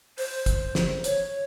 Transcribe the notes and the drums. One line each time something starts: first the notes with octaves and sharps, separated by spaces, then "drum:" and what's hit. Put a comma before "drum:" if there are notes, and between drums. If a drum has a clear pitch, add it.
C5, drum: open hi-hat
drum: kick, hi-hat
drum: snare
C#5, drum: hi-hat